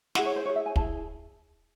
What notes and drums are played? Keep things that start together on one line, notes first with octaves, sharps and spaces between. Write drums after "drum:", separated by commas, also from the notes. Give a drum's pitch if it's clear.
E4 G#4 F#5, drum: snare
C#5
C5
E4 G#4 C#5
E5
G#5
E4 G#4 A5, drum: kick